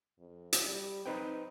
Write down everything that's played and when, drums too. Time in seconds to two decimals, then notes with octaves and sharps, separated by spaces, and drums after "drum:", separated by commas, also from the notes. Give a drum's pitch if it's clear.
0.19 F2
0.53 drum: hi-hat
0.65 G3
1.06 C4 D#4 B4 G5